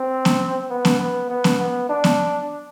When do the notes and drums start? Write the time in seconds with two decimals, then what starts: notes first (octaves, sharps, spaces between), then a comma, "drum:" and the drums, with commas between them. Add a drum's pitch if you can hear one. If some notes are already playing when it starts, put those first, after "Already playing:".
Already playing: C4
0.25 drum: snare B3
0.70 B3
0.85 drum: snare B3
0.99 B3
1.30 B3
1.44 drum: snare B3
1.59 B3
1.89 D4
2.04 drum: snare B3